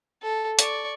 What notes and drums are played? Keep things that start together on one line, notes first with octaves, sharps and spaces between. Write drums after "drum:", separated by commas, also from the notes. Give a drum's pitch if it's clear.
A4
D5 C#6, drum: hi-hat